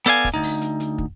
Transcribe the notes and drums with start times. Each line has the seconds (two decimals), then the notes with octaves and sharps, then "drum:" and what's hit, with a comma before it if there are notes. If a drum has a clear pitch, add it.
0.06 B3 A4 D5 F5 G#5, drum: hi-hat
0.24 drum: kick, hi-hat
0.34 D2 D#4
0.43 drum: open hi-hat
0.61 drum: hi-hat
0.80 drum: hi-hat
0.98 drum: kick